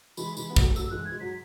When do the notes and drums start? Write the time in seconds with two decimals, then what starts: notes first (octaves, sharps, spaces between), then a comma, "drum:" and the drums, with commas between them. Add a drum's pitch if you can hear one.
0.17 E3 G#3 B5, drum: tambourine
0.37 E3 G#3 B5, drum: tambourine
0.50 B3
0.56 F#3 A3, drum: kick, tambourine
0.76 F#3 A3 E6, drum: tambourine
0.90 E3 G#3 F#6
1.05 G#6
1.12 G#3
1.20 F#3 B6